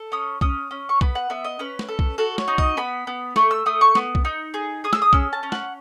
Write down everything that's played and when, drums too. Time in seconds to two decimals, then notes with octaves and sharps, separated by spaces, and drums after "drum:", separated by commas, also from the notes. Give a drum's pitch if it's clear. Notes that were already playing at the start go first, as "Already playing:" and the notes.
Already playing: A4
0.12 C#4 D#6
0.41 C#4 D#6, drum: kick B1
0.71 C#4
0.89 C#6
1.01 B3 B5, drum: kick B1
1.15 F#5
1.30 B3 E5
1.44 D#5
1.59 C#4 B4
1.79 drum: snare
1.88 A4
1.99 drum: kick B1
2.18 F#4 A4
2.38 C#5, drum: snare
2.48 D#4
2.58 D#5, drum: kick B1
2.77 B3 B5
3.07 B3
3.36 A3 C#6, drum: snare
3.51 E6
3.66 A3 D#6
3.81 C#6
3.95 B3, drum: snare
4.15 drum: kick B1
4.25 D#4
4.54 G#4
4.84 G#4 D#6
4.93 E6, drum: snare
5.02 D#6
5.13 C#4 E6, drum: kick B1
5.33 A5
5.43 C#4
5.52 F#5, drum: snare